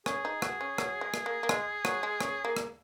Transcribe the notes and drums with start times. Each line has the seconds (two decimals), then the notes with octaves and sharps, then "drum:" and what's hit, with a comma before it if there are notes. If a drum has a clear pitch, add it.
0.06 C#4 G#4, drum: rim click
0.25 D#4
0.42 F#4, drum: rim click
0.61 C#4
0.78 F#3, drum: rim click
1.01 G#3
1.14 drum: rim click
1.26 A#3
1.43 A#3
1.49 G#3, drum: rim click
1.85 F#3, drum: rim click
2.03 G#3
2.21 C#4, drum: rim click
2.45 A#3
2.57 drum: rim click